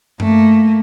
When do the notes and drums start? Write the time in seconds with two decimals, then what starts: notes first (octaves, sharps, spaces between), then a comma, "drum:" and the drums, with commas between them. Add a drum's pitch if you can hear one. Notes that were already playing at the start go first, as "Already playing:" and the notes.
0.20 A3 A#3, drum: tom G2